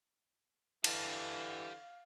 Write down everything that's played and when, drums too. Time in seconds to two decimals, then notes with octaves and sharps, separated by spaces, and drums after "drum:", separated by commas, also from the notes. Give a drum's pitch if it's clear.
0.84 D3 E3 G4 F5 A5, drum: cymbal